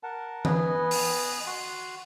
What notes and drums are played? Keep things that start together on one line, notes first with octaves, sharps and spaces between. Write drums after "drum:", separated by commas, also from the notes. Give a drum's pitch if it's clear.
A#4 F#5 A5
B3 B4 D#5 G#5, drum: tom E3
drum: open hi-hat
F#4 C6